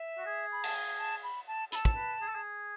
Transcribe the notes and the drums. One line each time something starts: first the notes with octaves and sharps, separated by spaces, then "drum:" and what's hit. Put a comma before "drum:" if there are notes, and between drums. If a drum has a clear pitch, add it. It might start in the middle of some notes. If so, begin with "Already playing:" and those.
Already playing: E5
F#4
G#4
B5
A5, drum: cymbal
G#5
A5
B5
A5
A4 A5 B5, drum: hi-hat
drum: kick
B4
G#4
A4
G#4